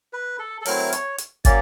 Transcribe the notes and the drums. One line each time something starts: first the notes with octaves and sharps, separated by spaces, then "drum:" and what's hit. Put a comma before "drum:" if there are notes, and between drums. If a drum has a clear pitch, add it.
B4
A4
A4
F#3 A3 C4 E4 A#4, drum: open hi-hat
C#5, drum: hi-hat
drum: hi-hat
F#3 A#3 C#4 D5, drum: kick, hi-hat